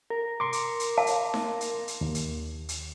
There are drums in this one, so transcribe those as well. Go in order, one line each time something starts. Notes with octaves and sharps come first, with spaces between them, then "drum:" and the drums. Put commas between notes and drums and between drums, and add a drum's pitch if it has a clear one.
A#4
C6 D6
drum: hi-hat
drum: hi-hat
F5 A5
drum: hi-hat
drum: snare D#4
drum: hi-hat
drum: hi-hat
D#2
drum: hi-hat
drum: hi-hat